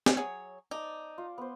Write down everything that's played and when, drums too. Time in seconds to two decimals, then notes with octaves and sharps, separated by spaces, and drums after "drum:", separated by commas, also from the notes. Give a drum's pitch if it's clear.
0.06 drum: snare
0.17 F#3 G#4 C#5
0.71 D#4 D5 A5
1.18 F4
1.38 B3 C5